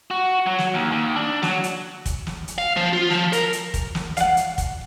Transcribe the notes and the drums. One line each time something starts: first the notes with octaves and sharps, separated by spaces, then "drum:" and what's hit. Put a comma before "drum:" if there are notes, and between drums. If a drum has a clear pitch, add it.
F#4
F#3
drum: snare
D#2
D#2
D4
F#3, drum: snare
drum: hi-hat
drum: kick, hi-hat
drum: snare
drum: hi-hat
F5
F3
F4
F3, drum: snare
A#4, drum: hi-hat
drum: hi-hat
drum: kick, hi-hat
drum: snare
F5 F#5, drum: hi-hat
drum: hi-hat
drum: kick, hi-hat